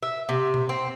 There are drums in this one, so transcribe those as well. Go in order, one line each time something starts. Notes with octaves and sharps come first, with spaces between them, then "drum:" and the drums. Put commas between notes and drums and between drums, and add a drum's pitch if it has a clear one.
E5
C3
drum: tom B2
C4